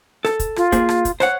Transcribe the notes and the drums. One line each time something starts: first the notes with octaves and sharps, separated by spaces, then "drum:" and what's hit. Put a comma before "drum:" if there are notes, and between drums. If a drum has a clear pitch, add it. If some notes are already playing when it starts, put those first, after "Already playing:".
A4, drum: rim click
drum: kick, hi-hat
F4, drum: rim click
A#3 G#4 C5, drum: kick, hi-hat
drum: rim click
drum: kick, hi-hat
C5 C#5 F#5 F#6, drum: rim click